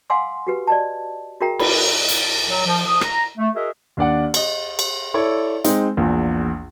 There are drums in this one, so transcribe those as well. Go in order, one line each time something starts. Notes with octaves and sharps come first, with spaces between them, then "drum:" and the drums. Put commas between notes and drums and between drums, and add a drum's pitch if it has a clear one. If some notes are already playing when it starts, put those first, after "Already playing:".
F5 F#5 G#5 C6 D6 E6
F#4 G4 B4
D5 D#5 A5
F#4 G#4 A#4 E5 G5 A#5
E4 B4 B5, drum: cymbal
drum: hi-hat
F#3
F3
F3 D#6
A#5, drum: rim click
A3
F#4 G#4 A#4 D#5 E5
D#2 D4 D5 F#5
D#5 G7, drum: cymbal
drum: cymbal
E4 A4 C#5 D5
G#3 C4 D#4, drum: hi-hat
A#1 E2 A#2